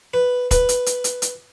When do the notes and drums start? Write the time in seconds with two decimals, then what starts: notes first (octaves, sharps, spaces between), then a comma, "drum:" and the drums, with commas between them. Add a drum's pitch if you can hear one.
0.14 B4
0.51 B4, drum: kick, hi-hat
0.69 drum: hi-hat
0.86 drum: hi-hat
1.04 drum: hi-hat
1.22 drum: hi-hat